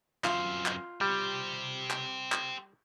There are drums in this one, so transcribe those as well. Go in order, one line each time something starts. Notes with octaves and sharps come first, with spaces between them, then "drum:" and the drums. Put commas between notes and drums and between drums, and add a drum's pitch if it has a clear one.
F#2 C4 F4, drum: clap
drum: clap
G3 G4 C5
drum: clap
drum: clap